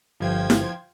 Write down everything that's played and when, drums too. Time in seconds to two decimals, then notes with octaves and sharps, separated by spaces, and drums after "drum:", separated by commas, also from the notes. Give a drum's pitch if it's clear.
0.20 G1 F3 F4 G5 G#6
0.50 drum: snare E4